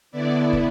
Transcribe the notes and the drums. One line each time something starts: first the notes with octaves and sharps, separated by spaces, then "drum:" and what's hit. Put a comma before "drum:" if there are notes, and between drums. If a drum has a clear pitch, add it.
D3 B3 E4 D5
drum: kick